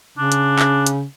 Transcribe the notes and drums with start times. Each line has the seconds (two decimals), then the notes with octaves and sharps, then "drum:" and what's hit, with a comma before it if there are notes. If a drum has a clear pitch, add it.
0.18 C#3 D4
0.32 drum: hi-hat
0.59 drum: clap
0.87 drum: hi-hat